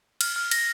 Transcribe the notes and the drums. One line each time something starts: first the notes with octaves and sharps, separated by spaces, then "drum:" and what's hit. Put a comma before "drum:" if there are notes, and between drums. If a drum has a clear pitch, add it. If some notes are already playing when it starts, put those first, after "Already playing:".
F6, drum: cymbal
F6
A#6, drum: cymbal